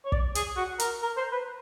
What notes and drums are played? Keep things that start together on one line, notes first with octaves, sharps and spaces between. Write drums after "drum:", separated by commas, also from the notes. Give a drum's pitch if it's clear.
C#5
D5, drum: kick
G#4, drum: hi-hat
F#4
A#4, drum: hi-hat
A#4
C5
B4